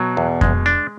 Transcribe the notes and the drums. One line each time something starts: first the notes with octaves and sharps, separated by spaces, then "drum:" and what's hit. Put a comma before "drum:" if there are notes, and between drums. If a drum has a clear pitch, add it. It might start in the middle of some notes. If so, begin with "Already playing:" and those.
Already playing: B2 F#3
E2
G#3, drum: kick F2
D4